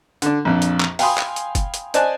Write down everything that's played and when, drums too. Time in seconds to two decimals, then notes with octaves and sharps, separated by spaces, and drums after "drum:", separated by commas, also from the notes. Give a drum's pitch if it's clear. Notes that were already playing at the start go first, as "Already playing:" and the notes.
0.22 D3 D4, drum: hi-hat
0.45 A#1 F2 D4
0.62 drum: hi-hat
0.80 drum: clap
0.99 F5 G5 G#5 B5 C6 D#6, drum: open hi-hat
1.18 drum: clap
1.36 drum: hi-hat
1.55 drum: kick, hi-hat
1.74 drum: hi-hat
1.94 C5 D5 D#5 G#5 A5 F#6, drum: hi-hat